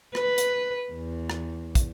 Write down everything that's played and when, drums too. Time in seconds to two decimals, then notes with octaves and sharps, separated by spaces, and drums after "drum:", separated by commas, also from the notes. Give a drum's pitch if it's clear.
0.15 B4, drum: rim click
0.38 drum: hi-hat
0.93 E2
1.30 drum: rim click
1.75 drum: kick, hi-hat